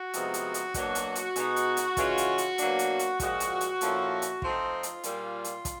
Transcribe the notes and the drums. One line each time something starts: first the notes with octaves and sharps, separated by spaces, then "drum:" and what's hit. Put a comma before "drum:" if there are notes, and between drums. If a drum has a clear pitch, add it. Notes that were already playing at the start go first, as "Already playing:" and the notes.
Already playing: F#4
C3 F3 G#3 B3 D#4, drum: hi-hat
drum: hi-hat
drum: hi-hat
B2 F#3 A#3 D4 F#4, drum: kick, hi-hat
drum: hi-hat
drum: hi-hat
B2 G#3 B3 D#4, drum: hi-hat
drum: hi-hat
drum: hi-hat
C#3 E3 G#3 C#4 F4, drum: kick, hi-hat
drum: hi-hat
drum: hi-hat
B2 F#3 A#3 D4, drum: hi-hat
drum: hi-hat
drum: hi-hat
A#2 F3 G#3 F#4, drum: kick, hi-hat
drum: hi-hat
drum: hi-hat
A#2 F3 A3 C#4 E4, drum: hi-hat
drum: hi-hat
F3 A3 C4 D#4 F4, drum: kick
drum: hi-hat
A#2 G3 A#3, drum: hi-hat
drum: hi-hat
drum: kick, hi-hat